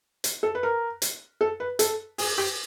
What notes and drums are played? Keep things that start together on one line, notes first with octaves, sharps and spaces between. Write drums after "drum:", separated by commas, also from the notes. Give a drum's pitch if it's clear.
drum: hi-hat
A4
B4
A#4
drum: hi-hat
A4
B4
A4, drum: hi-hat
G#4, drum: open hi-hat
G4